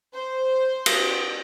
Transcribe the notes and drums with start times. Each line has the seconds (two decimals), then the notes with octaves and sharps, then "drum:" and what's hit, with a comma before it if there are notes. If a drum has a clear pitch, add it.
0.13 C5
0.86 drum: cymbal